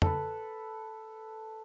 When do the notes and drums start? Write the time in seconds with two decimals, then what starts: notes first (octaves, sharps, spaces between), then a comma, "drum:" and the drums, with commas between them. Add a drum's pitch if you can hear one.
0.02 A4 B4, drum: tom